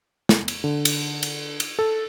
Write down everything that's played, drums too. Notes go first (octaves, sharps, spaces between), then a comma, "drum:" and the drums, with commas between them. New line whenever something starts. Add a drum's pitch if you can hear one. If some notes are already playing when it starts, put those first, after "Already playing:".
drum: snare
drum: cymbal
D3
drum: cymbal
drum: cymbal
drum: cymbal
A4